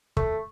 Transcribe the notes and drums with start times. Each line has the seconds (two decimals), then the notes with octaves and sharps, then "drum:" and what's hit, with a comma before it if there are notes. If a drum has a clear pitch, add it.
0.17 A3, drum: kick